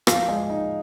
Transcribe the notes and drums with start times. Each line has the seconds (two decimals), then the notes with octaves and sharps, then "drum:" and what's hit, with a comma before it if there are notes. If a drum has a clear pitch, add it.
0.07 F3 F5, drum: rim click
0.28 G#3
0.50 D#4